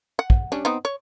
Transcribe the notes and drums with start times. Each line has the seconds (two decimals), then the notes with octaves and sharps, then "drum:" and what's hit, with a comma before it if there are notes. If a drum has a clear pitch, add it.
0.19 F#5
0.30 drum: kick
0.52 G3 C#4 D4
0.65 B3 C4 D#4
0.85 C#5